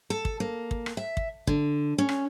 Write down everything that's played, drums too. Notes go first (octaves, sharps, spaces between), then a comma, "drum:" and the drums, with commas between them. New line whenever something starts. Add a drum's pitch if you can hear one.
A4
drum: kick
A#3
drum: kick
drum: rim click
E5
drum: kick
D3, drum: kick
C#4
drum: rim click